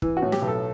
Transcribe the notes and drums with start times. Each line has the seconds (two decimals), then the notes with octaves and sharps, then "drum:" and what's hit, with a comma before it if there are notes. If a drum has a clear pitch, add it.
0.02 E3, drum: kick
0.17 F#4
0.22 A2
0.32 G4, drum: snare
0.42 B1
0.48 A4